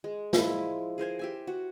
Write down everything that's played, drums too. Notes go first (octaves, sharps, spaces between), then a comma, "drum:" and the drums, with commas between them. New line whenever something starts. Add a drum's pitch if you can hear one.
G#3
F3 G#3 E4, drum: snare
G#4 A#4 C5 G#5
G4 E5 G#5
F#4